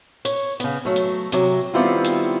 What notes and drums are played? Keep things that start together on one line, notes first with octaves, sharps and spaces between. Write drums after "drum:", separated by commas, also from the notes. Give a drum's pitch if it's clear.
C#5, drum: hi-hat
C#3 B3, drum: hi-hat
F#3 A3
drum: hi-hat
C3 F#3, drum: hi-hat
D#3 G3 B3 C4 E4 F4
drum: hi-hat